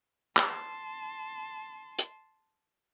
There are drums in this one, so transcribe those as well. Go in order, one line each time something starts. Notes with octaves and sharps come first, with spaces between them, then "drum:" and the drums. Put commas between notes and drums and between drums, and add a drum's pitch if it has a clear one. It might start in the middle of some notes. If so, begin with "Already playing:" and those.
A5 C6, drum: clap
drum: hi-hat